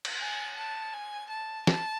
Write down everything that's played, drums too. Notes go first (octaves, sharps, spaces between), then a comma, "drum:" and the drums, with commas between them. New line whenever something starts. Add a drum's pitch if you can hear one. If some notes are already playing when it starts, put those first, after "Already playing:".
drum: cymbal
G#5
A5
G#5
A5
A5, drum: snare